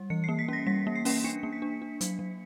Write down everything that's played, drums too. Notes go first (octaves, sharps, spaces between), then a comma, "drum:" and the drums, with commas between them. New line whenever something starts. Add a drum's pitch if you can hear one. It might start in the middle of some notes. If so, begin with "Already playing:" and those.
Already playing: G3
E3 C#7
A#3 C7
B6
C#4 A#6
G3 B6
A#3
C7
C#4, drum: open hi-hat
D4 C#7
A#3
B6
D4
D4
F#3, drum: hi-hat
F#3